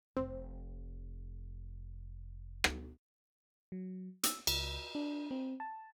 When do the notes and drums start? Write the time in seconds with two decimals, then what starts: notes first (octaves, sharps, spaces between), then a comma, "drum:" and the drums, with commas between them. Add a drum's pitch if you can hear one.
0.17 F1 C4
2.64 drum: rim click
3.72 F#3
4.23 E6, drum: hi-hat
4.47 C#2, drum: cymbal
4.95 D4
5.31 C4
5.60 A5